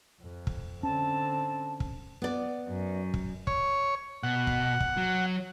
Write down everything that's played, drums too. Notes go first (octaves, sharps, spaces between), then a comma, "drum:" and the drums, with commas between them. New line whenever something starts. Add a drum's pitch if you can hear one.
F2
drum: kick
D3 C4 C#4 A5
drum: kick
B3 D5
F#2
drum: kick
C#5, drum: kick
B2 F#5
drum: kick
drum: kick
F#3